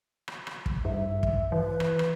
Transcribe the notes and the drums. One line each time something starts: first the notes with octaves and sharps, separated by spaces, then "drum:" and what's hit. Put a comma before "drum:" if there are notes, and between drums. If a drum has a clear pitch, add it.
drum: rim click
drum: rim click
drum: kick
G2 E5
drum: kick
E3 B4
drum: rim click
drum: rim click